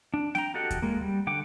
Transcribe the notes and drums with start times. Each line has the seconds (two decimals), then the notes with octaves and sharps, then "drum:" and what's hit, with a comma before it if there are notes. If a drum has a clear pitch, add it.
0.14 D4
0.35 G5 A#5, drum: snare C4
0.54 F#4 G4 A4 D#5 F#5
0.71 drum: kick D#2, hi-hat
0.82 G#3 A#3
1.01 G3
1.27 D3 F#5 G5 D6